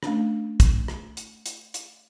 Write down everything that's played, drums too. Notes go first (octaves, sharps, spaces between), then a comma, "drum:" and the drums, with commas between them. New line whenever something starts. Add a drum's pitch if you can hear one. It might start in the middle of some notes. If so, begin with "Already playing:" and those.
A3 C#4 D4, drum: rim click
drum: kick, hi-hat
drum: rim click
drum: hi-hat
drum: hi-hat
drum: hi-hat